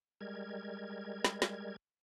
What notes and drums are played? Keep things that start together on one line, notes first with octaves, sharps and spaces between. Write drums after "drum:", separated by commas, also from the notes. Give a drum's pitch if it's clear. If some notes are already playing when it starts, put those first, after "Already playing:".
G3 G#3 A#4 G#6
drum: snare
drum: snare